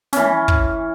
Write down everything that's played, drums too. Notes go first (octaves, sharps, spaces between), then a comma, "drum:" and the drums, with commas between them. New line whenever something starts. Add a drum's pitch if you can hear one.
E3 C#4, drum: snare
drum: kick